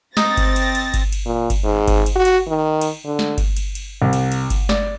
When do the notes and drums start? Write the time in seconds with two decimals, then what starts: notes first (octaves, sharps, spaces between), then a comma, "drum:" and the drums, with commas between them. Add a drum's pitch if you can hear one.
0.17 C4 D#4 A6 A#6, drum: snare
0.37 drum: kick G1, cymbal
0.56 drum: cymbal
0.75 drum: cymbal
0.94 drum: kick G1, cymbal
1.13 drum: cymbal
1.26 A#2
1.50 drum: kick G1, cymbal
1.64 G#2
1.88 drum: kick G1, cymbal
2.06 drum: cymbal
2.15 F#4
2.25 drum: cymbal
2.48 D#3
2.81 drum: cymbal
3.05 D3
3.19 drum: snare
3.38 drum: kick G1, cymbal
3.57 drum: cymbal
3.75 drum: cymbal
4.02 C2
4.13 drum: cymbal
4.32 drum: cymbal
4.50 drum: kick G1, cymbal
4.69 D5, drum: snare